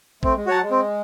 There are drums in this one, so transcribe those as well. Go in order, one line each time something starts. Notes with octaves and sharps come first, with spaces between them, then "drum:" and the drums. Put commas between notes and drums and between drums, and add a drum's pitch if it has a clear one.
A3 C4, drum: kick
G#3
F#3 F#4 C#5 F#5 A5
G#3
C4